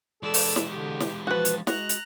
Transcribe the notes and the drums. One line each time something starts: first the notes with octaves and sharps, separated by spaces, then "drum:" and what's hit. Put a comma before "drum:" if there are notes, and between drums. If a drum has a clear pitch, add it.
E3 G#3 A4 D5 E6
drum: open hi-hat
drum: snare
D3 G4
drum: snare
F3 F#4 B4 A6
drum: hi-hat
G#3 F#4 A#5 F#6, drum: snare
drum: hi-hat